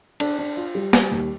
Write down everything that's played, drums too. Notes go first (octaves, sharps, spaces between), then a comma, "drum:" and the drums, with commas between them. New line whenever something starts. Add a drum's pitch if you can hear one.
D4, drum: cymbal
D4
F4
G3
G3, drum: snare
D#2